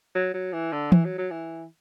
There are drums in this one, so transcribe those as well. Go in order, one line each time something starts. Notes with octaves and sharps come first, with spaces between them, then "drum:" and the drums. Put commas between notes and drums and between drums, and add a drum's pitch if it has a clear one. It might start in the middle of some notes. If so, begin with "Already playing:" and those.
F#3
F#3
E3
D3
E3, drum: tom E3
F#3
F#3
E3